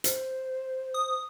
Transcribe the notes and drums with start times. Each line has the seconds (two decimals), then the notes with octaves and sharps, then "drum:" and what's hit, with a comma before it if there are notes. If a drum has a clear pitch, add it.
0.04 C5, drum: hi-hat
0.94 D#6